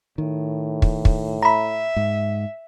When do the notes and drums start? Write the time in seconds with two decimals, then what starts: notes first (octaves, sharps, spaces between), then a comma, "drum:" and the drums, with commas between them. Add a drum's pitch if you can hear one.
0.18 A2 D#3
0.82 drum: kick
1.05 drum: kick
1.43 E5 A#5 B5
1.96 G#2